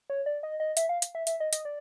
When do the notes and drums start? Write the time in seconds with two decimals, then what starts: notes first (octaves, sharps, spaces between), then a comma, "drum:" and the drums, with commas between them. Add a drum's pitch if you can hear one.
0.10 C#5
0.26 D5
0.43 D#5
0.60 D#5
0.77 E5, drum: hi-hat
0.89 F5
1.02 drum: hi-hat
1.15 E5
1.27 E5, drum: hi-hat
1.40 D#5
1.53 D#5, drum: hi-hat
1.65 D5